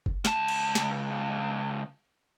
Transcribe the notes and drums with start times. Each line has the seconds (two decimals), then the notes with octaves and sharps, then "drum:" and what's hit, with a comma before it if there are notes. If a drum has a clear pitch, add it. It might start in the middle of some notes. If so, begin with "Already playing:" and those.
0.06 drum: kick F#1
0.25 C#2 A5, drum: snare
0.48 drum: cymbal
0.75 drum: snare